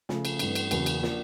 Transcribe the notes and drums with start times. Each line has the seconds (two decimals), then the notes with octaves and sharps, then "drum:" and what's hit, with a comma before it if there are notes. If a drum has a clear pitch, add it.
0.09 C#3 F3 A3, drum: snare
0.25 drum: cymbal
0.39 G2 E3 A3 C4, drum: cymbal
0.55 drum: cymbal
0.71 E2 C#3 F#3 A#3, drum: cymbal
0.86 drum: cymbal
1.03 F3 A#3 D4, drum: snare